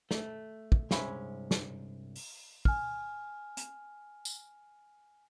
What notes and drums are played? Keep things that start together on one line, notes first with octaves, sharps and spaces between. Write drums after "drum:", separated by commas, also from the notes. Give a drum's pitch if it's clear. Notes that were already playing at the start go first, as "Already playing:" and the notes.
A3, drum: snare
drum: kick
C2 G2 G#3 C#4 E5 B5, drum: snare
drum: snare
drum: open hi-hat
G#5 F6, drum: kick
drum: hi-hat
drum: tambourine